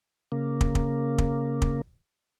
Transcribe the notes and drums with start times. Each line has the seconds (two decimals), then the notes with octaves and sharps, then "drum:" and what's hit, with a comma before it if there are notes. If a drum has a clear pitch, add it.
0.32 C#3 A#3
0.61 drum: kick
0.75 drum: kick
1.18 drum: kick
1.62 drum: kick